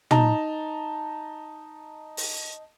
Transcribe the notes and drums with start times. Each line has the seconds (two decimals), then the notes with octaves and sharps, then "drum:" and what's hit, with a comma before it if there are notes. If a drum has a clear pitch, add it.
0.11 D#4 A5 A#5, drum: tom
2.17 drum: open hi-hat